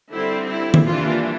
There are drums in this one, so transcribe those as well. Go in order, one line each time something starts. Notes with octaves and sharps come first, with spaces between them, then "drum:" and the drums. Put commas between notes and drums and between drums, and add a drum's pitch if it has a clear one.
D3 G3 C4 E4
E4
drum: tom D#3
E3 G3 A#3 D4 F4